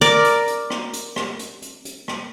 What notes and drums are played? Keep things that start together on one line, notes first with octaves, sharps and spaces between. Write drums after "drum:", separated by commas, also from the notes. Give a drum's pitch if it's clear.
A#4 D5, drum: hi-hat
drum: hi-hat
drum: hi-hat
drum: rim click
drum: hi-hat
drum: rim click
drum: hi-hat
drum: hi-hat
drum: hi-hat
drum: rim click